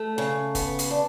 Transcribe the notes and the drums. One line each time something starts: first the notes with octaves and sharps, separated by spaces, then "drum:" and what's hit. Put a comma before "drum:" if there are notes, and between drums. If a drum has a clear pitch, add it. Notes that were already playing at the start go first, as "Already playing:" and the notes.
Already playing: A3
C#3
B3, drum: kick, hi-hat
drum: hi-hat
D4